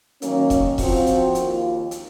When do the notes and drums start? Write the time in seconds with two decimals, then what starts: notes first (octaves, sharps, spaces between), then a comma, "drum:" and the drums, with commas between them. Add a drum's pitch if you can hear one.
0.22 D#3 F#3 A#3 C#4, drum: hi-hat
0.50 drum: kick E1, hi-hat
0.78 F3 C4 F#4, drum: kick E1, open hi-hat
1.06 drum: hi-hat
1.35 D#2 D#3 A#3 F4, drum: hi-hat
1.91 drum: hi-hat